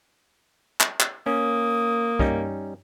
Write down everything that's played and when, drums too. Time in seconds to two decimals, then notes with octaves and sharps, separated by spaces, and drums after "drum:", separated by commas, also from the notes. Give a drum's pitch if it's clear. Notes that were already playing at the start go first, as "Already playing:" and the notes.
0.80 drum: clap
1.00 drum: clap
1.26 A#3 C#4 D#6
2.19 G3 C#4 D#4, drum: kick